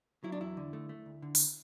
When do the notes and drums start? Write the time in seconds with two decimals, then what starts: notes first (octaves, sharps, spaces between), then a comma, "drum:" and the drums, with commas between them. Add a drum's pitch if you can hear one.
0.24 F#3 E4
0.32 D4
0.40 E2 E4
0.57 D3
0.73 A3
0.89 A3
1.06 D2
1.22 D3
1.35 drum: open hi-hat